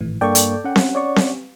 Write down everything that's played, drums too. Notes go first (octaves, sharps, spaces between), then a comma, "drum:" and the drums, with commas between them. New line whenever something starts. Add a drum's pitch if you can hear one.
G#1 A2 E3
G2 A#3 A4 D5 G5 C#6
drum: hi-hat
C#4 F#5
drum: snare C4
C#5 D5 C#6
drum: snare C4